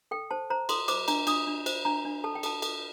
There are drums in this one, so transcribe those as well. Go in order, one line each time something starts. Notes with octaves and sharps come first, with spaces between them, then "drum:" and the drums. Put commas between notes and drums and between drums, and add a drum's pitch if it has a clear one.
A4 G5
C5 A5
C5 A#5
A4 C6, drum: cymbal
C5 D6, drum: cymbal
D4 A#5, drum: cymbal
D4 D#6, drum: cymbal
D4
C5, drum: cymbal
D4 A#5
D4
A4 A5
G5
A4 A5, drum: cymbal
A4, drum: cymbal